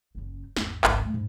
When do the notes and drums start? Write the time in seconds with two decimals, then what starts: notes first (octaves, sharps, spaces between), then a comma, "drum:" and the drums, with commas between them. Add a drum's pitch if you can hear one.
0.15 F#1 C#3
0.57 G#1 E2, drum: snare
0.84 G#1 C#2, drum: clap
1.01 A3 A#3
1.14 G#2